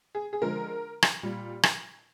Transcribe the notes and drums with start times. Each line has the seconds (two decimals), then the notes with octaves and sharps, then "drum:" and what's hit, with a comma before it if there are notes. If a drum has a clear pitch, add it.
0.15 G#4
0.33 G#4
0.42 D3 F3 G#3 A#4
1.02 drum: rim click
1.23 A#2 G3
1.63 drum: rim click